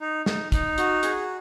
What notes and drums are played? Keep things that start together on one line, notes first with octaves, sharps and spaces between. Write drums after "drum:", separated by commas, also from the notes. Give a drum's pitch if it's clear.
D#4
D#4, drum: snare
D#4, drum: kick, hi-hat
F#4, drum: hi-hat
G#4, drum: hi-hat